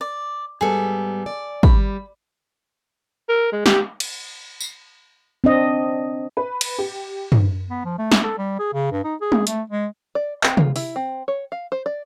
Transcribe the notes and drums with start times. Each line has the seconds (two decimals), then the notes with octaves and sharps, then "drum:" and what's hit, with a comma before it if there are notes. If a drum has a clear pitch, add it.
0.01 D5
0.61 G#2 G3 B3 G#4 A4
1.26 D5
1.63 G3 B5, drum: kick
3.29 A#4
3.52 G#3
3.66 G4, drum: snare
4.00 drum: cymbal
4.60 drum: tambourine
5.44 C4 D4 D#5
6.37 B4
6.61 drum: cymbal
6.78 G4
7.32 drum: tom
7.70 B3
7.85 F3
7.98 A3
8.12 drum: snare
8.23 A4
8.38 G3
8.59 G#4
8.74 C#3
8.92 G2
9.04 D#4
9.21 G#4
9.32 drum: tom G3
9.47 A3, drum: hi-hat
9.70 G#3
10.15 D5
10.43 C4, drum: clap
10.57 F4, drum: tom C3
10.76 E4, drum: open hi-hat
10.96 C4
11.28 C#5
11.52 F5
11.72 C5
11.86 D5